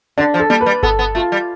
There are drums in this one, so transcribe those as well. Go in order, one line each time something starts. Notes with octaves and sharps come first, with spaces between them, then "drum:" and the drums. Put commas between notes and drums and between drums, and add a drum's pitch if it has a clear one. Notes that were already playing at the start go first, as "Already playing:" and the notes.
D3 D4
F3
A4
G3, drum: tom A#3
B4
G3
B3 A4, drum: kick G1
B3
A3 F4
G3